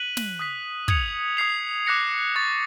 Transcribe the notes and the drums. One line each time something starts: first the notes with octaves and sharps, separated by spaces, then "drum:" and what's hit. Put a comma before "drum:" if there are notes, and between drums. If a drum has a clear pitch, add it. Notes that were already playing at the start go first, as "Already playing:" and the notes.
Already playing: F#6 B6 D#7 F#7
drum: snare
D#6 F#6 B6
D#6 G#6 C#7 F7, drum: kick
D#6 G#6 C7 F7
D6 F#6 A#6 C#7
C#6 F#6 A6